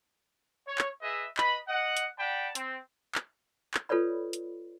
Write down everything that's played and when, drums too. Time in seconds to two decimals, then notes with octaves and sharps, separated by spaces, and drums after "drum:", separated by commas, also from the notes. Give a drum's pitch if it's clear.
0.68 C#5
0.78 drum: clap
1.02 G#4 B4 D#5 E5
1.37 B4 D#5 B5, drum: clap
1.68 D#5 F#5
1.97 drum: hi-hat
2.19 D5 F#5 G5 A5 B5
2.55 C4, drum: hi-hat
3.15 drum: clap
3.74 drum: clap
3.89 F4 A4 B4 C#5 D5 B5
4.33 drum: hi-hat